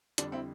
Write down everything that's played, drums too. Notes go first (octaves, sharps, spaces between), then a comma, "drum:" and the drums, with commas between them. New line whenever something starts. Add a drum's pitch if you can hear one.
F2 D3 G3 D4, drum: hi-hat
C4 E4